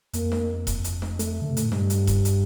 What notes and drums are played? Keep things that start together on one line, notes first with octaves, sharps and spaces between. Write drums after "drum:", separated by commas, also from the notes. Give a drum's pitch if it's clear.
F2 A#3, drum: hi-hat
drum: snare
drum: kick E1, hi-hat
drum: hi-hat
drum: snare
A3, drum: hi-hat
D3
C3
A#2, drum: hi-hat
A2
G2 G3, drum: snare
drum: hi-hat
drum: kick E1, hi-hat
drum: hi-hat